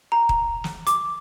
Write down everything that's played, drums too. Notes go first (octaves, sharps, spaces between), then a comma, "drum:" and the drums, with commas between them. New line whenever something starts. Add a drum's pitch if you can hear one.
A#5
drum: kick D#1
drum: snare
D6, drum: hi-hat